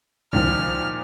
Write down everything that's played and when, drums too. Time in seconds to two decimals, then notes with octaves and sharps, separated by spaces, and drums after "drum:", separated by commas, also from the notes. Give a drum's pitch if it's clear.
0.33 A#2 D#3 F3 F6, drum: kick C2